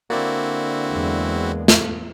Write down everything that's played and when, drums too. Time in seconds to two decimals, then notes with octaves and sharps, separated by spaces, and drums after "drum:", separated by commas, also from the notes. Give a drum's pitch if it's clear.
0.10 D3 A#3 C4 E4 F#4 D5
0.90 E2 G#3
1.68 drum: snare